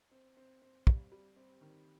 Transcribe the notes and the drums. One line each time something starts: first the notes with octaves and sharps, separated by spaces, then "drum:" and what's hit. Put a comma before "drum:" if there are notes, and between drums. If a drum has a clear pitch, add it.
C4
C4
C4
G3, drum: kick
G3
C4
D#3